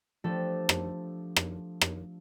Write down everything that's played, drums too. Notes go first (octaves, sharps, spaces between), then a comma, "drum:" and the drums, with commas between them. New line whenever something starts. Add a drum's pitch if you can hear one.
F3 A3 D4 G4 A4
drum: rim click
drum: rim click
drum: rim click